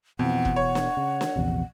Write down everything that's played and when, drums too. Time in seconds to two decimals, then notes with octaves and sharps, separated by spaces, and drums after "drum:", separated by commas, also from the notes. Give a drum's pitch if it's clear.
0.19 F2 B2 E3 F#5
0.45 drum: kick
0.56 C#5
0.75 drum: snare
0.97 C#3
1.21 drum: snare
1.36 A#1 E2 C3